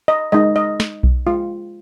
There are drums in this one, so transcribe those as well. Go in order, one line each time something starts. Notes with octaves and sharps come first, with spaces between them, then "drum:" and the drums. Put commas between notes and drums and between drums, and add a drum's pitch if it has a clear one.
D#5
G#3 D#4 D#5
D#5
drum: snare
drum: kick B1
G#3 F4